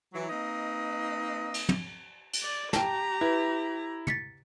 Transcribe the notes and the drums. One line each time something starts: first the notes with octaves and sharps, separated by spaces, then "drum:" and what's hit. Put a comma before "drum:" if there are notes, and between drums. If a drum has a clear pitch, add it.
E3 F#3
A#3 C4 D#4 B4 D#5
drum: cymbal
drum: tom
drum: cymbal
D5
G4 G5 A5 A#5, drum: snare
E4 B4
A6 B6 C#7, drum: tom